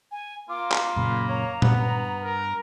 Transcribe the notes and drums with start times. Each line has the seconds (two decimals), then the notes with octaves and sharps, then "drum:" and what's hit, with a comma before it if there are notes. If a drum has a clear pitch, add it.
0.11 G#5
0.49 A#3 F4 D6
0.72 drum: clap
0.96 F#2 A#2 C#3 B5
1.29 C#5 A#5
1.62 G2 B3, drum: tom A#2
2.23 A#4